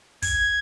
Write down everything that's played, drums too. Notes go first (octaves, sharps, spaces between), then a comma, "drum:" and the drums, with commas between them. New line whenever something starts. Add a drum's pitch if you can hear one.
G#6, drum: kick, hi-hat